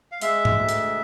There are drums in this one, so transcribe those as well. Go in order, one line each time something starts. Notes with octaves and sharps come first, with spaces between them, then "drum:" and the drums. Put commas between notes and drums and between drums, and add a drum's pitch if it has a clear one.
F5
G#3 E5, drum: hi-hat
drum: tom G#2
D2
drum: hi-hat